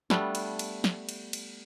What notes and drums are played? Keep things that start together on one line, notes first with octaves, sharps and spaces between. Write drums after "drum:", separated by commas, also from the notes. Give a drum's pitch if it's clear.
G3 A3 B3 D4, drum: snare
drum: cymbal
drum: cymbal
drum: snare
drum: cymbal
drum: cymbal